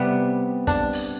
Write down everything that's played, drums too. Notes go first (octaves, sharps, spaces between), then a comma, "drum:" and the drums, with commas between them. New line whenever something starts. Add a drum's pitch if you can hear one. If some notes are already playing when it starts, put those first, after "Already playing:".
Already playing: C3 G3 B3
D4, drum: kick, hi-hat
drum: open hi-hat